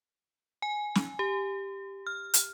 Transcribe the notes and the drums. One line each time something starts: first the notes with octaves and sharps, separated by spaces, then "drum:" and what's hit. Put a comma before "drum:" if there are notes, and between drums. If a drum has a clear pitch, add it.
G#5
drum: snare
G4
F6
drum: hi-hat